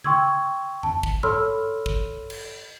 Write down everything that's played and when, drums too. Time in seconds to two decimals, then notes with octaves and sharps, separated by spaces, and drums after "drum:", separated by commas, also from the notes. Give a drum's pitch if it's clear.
0.04 G5 C6 C#6 E6 G#6, drum: tom C#3
0.83 A5, drum: tom F2
1.03 drum: kick
1.23 A4 C#5 B5 C6 E6 F6, drum: tom G#2
1.86 drum: kick
2.30 drum: cymbal